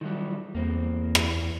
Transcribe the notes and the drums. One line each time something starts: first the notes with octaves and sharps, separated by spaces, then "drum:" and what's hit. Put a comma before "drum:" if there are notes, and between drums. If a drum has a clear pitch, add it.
D#3 F#3 G3
E2 A#3 C4
drum: rim click